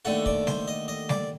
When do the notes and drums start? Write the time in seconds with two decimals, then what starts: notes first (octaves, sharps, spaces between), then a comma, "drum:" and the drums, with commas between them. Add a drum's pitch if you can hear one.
0.05 D#2 D3 A3 F#5
0.26 D5, drum: kick
0.47 C5, drum: snare G3
0.68 D#5
0.88 D#5
1.09 D5, drum: snare G3